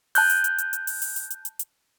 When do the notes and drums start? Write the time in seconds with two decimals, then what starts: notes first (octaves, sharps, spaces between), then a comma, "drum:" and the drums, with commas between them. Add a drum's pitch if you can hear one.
0.15 A5 F#6 G6, drum: open hi-hat
0.30 drum: hi-hat
0.44 drum: hi-hat
0.58 drum: hi-hat
0.73 drum: hi-hat
0.87 drum: open hi-hat
1.02 drum: open hi-hat
1.16 drum: hi-hat
1.30 drum: hi-hat
1.45 drum: hi-hat
1.59 drum: hi-hat